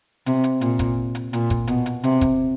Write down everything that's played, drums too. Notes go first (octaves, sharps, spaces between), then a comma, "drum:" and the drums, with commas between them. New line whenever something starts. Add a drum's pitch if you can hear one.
C3, drum: hi-hat
drum: hi-hat
A#2, drum: hi-hat
drum: kick, hi-hat
drum: hi-hat
A#2, drum: hi-hat
drum: kick, hi-hat
B2, drum: hi-hat
drum: hi-hat
C3, drum: hi-hat
drum: kick, hi-hat